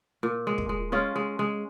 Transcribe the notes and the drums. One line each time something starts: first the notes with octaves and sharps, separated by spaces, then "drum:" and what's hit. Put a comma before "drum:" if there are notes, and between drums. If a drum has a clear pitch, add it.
A#2
G#3
drum: kick
G#3
G#3 C#4 F4
G#3
G#3